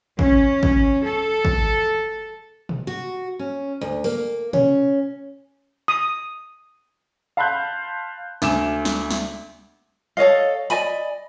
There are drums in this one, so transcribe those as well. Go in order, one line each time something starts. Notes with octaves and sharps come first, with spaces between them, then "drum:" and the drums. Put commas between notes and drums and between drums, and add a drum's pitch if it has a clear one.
C#4, drum: kick G#1
drum: kick G#1
A4
drum: kick G#1
drum: tom
F#4
C#4
D2
A#3, drum: open hi-hat
C#4, drum: tom A#2
D#6
F5 A5 B5 C6 F#6 G6
D2 G#5 D6 E7, drum: snare
drum: snare
drum: snare
A4 C#5 D#5 F5
D5 D#5 G#5 B5, drum: hi-hat